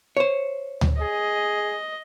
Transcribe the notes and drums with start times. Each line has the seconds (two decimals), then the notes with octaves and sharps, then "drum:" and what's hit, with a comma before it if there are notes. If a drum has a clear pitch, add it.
0.17 C5 C#5
0.81 drum: tom D2
1.01 G#4 D#5